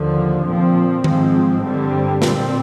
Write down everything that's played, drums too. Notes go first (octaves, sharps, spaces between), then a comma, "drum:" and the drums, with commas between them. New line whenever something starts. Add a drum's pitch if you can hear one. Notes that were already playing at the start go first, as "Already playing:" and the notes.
Already playing: D#2 D3 F3
A#2 F3 C4
G#2 F3 G#3 C4, drum: tom D#3
G2 D3 G3 C4
A#2 G3 C4, drum: snare